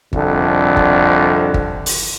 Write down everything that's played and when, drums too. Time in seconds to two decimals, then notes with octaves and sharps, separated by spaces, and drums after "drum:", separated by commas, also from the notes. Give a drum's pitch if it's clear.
0.13 C2 F2 D3, drum: kick G1
0.77 drum: kick G1
1.54 drum: kick G1
1.86 drum: open hi-hat